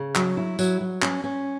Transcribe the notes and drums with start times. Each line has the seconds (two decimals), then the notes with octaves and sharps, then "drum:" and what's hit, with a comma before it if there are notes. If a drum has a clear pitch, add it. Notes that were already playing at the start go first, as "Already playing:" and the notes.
Already playing: C#3
0.15 F#3, drum: clap
0.37 E4
0.59 F#3, drum: tambourine
0.80 F#3
1.02 C#4, drum: clap
1.24 C#4